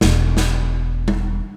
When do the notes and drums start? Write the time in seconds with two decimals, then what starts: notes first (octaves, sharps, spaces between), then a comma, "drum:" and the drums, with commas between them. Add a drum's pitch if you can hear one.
0.01 E1 D#4, drum: snare
0.37 drum: snare
1.08 drum: tom G3